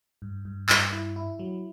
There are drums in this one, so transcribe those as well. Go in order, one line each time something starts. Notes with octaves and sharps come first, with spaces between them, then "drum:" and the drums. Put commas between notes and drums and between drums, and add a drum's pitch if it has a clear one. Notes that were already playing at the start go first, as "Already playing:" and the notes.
G2
G2
G2, drum: clap
E4
E4
F#3